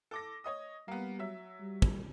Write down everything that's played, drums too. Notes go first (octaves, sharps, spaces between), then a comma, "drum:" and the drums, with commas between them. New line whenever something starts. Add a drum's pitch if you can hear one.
A4 D6 A#6
C#5 D#5 D#6
G3 A#3 B3
F#3 E5 E6
G3
drum: kick